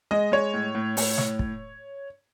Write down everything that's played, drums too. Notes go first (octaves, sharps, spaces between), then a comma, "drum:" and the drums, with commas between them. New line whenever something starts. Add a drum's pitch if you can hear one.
G#3 D#5
G#3 C#5
A2
A2
A2, drum: open hi-hat
A2, drum: snare
drum: kick